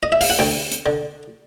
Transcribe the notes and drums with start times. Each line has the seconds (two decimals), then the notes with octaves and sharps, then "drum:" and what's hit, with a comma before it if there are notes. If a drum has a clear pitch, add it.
0.03 D#5
0.12 E5
0.21 F5, drum: open hi-hat
0.30 F#5
0.39 D2 G5
0.72 drum: hi-hat
0.86 D3